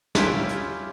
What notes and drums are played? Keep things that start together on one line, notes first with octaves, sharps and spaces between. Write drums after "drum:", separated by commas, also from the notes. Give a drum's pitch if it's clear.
C#4 E4 F4 G4, drum: snare
drum: hi-hat